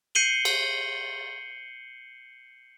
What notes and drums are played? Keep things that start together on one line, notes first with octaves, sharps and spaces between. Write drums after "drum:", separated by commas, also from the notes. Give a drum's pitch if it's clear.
G6 C7 C#7 D#7 F#7 G7
drum: cymbal